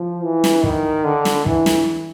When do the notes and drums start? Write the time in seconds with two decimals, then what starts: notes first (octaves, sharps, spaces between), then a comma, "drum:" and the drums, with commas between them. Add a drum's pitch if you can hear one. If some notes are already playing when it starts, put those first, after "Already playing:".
Already playing: F3
0.23 E3
0.44 drum: snare
0.64 D#3, drum: kick
1.05 D3
1.25 drum: snare
1.46 E3, drum: kick
1.66 drum: snare